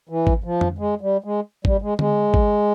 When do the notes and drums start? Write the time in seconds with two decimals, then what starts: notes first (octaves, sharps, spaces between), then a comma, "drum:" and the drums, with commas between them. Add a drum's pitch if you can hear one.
0.09 E3
0.27 drum: kick
0.44 F3
0.61 drum: tom F2
0.79 G#3
1.01 G3
1.24 G#3
1.65 G3, drum: kick
1.82 G#3
1.99 G#3, drum: tom D3
2.34 drum: kick